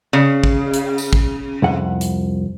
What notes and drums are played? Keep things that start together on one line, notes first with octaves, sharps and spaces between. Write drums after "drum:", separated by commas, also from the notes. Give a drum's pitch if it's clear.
C#3
drum: kick
drum: hi-hat
drum: tambourine
drum: kick
C2 F2 F#5
drum: hi-hat